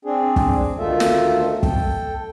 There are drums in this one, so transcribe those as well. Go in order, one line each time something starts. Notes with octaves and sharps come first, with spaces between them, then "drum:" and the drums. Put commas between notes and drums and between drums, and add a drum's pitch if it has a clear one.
C4 D4 G#4
drum: kick
D2 D#3 A3 F4 A4 E5
drum: snare
A4 G5, drum: kick